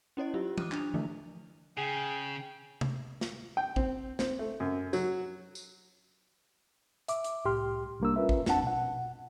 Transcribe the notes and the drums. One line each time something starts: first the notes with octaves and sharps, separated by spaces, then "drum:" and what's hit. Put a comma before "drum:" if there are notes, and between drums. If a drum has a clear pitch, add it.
C#4 E4 C#5 D#5
F#3 F4 G4
D6 D#6 F6 F#6 D#7, drum: tom E3
D4 F7, drum: clap
D3 E3 F3 A3 E4
C#3 G#4 G5
drum: tom C3
drum: snare
G5
C4, drum: kick
C4, drum: snare
A3
F#2
F#3, drum: tambourine
drum: tambourine
E5 D6, drum: hi-hat
drum: hi-hat
C2 A2 G4 C6 F6
C2 G3 A#3 D4 E6
C#4 F4 A#4 B4 E5
drum: kick
F2 C4 D4 F#5 A5, drum: snare
B2 F#5